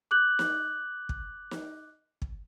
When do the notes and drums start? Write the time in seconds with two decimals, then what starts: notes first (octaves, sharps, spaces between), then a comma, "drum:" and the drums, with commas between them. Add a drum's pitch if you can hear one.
0.11 D6 F#6 G6 F#7
0.39 drum: snare
1.09 drum: kick
1.51 drum: snare
2.22 drum: kick